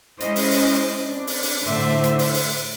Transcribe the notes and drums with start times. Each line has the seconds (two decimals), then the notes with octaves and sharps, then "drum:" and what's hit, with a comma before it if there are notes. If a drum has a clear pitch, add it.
0.20 G#3 C#4 E4 C5 D#5, drum: hi-hat
0.36 drum: open hi-hat
0.51 drum: open hi-hat
1.07 C4 D4
1.27 drum: open hi-hat
1.43 drum: open hi-hat
1.65 A2 D3 A3 C5 E5
2.04 drum: hi-hat
2.19 drum: open hi-hat
2.34 drum: open hi-hat